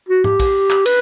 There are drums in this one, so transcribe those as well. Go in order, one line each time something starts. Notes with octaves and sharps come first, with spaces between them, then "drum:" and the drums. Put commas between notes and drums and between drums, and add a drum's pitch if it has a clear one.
F#4
G4, drum: tom G#2
drum: kick, cymbal
drum: clap
B4, drum: cymbal